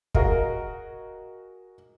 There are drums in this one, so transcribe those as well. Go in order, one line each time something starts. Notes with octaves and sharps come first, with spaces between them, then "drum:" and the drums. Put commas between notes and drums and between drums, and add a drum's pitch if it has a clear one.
F#4 G#4 A#4 D#5 F5, drum: kick